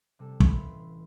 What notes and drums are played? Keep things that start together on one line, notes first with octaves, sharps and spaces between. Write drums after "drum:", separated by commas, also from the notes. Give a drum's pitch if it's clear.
C3 G3 A4
C#2 A2 E3 A#3 B5 C6, drum: kick